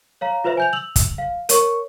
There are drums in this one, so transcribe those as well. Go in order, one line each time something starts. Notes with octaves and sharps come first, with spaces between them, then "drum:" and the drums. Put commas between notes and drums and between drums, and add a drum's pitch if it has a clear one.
C#5 F5 A#5
F4 B4 C5 E5
G#5 G6 F7
E6 F7 F#7
drum: kick, hi-hat
F5
A#4 C#5 C#6, drum: hi-hat